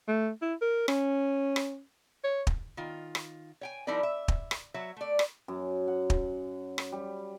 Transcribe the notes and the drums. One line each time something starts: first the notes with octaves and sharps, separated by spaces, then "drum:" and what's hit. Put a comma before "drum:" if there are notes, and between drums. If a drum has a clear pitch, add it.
A3
E4
A#4
C#4, drum: rim click
drum: rim click
C#5
drum: kick
D#3 F4
drum: rim click
C#5 G5 G#5
F3 G3 D#4 E4 A#4 D5
E5
drum: kick
drum: rim click
F#3 C#5 E5
A3 D5
drum: rim click
F#2
F#5
drum: kick
drum: rim click
G3